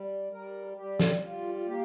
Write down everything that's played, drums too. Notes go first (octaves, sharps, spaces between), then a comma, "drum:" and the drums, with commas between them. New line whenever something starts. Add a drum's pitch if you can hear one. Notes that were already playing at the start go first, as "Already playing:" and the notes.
Already playing: G3
G3 A#4
G3 G4
drum: snare
G3 F4
F4
A#3 G4